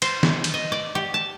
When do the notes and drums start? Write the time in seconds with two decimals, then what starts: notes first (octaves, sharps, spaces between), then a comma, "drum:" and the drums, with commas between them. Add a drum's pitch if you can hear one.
0.02 C5, drum: cymbal
0.23 drum: snare
0.44 drum: cymbal
0.54 D#5
0.72 D5
0.95 G4
1.14 A5